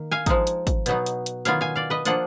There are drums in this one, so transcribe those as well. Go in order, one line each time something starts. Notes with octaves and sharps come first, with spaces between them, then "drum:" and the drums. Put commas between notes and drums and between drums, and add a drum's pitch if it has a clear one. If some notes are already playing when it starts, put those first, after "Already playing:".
Already playing: D#3 A#3
F5 G#5
F3 G#3 D#4, drum: kick, hi-hat
drum: hi-hat
drum: kick, hi-hat
B2 F#3 B3 D#4, drum: hi-hat
drum: hi-hat
drum: hi-hat
D#3 F#3 B3 F4 F5 G#5, drum: hi-hat
F5 G#5
D5 F5
B4 D#5
F3 A#3 D4 F4 D#5 F#5, drum: hi-hat